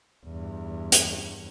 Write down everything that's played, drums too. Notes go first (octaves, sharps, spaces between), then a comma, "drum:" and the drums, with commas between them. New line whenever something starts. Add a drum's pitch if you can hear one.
E2 G2
drum: hi-hat